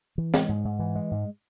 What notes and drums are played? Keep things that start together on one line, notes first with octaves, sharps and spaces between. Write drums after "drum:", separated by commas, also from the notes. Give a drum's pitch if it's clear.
E3
G#3, drum: snare
G#2
G#2
E3
G#3
G#2